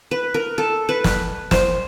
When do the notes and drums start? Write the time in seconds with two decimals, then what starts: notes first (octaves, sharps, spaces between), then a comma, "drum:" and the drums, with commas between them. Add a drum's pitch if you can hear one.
0.11 B4
0.34 A#4
0.58 A4
0.89 B4
1.04 drum: snare
1.51 C5, drum: snare